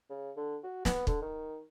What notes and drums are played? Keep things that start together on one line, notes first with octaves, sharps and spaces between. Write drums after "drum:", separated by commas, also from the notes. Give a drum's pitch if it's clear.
C#3
D3
F#4
B3, drum: snare
D3, drum: kick
D#3